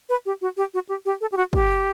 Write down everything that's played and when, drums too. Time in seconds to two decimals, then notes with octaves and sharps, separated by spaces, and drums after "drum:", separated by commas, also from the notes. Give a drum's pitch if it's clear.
0.09 B4
0.26 G4
0.41 F#4
0.57 G4
0.74 F#4
0.89 G4
1.05 G4
1.21 A4
1.32 G4
1.37 F#4
1.53 G4, drum: kick